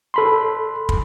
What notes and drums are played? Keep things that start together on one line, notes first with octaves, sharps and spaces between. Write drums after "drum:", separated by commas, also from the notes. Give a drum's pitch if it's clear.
A4 B5 C6
drum: kick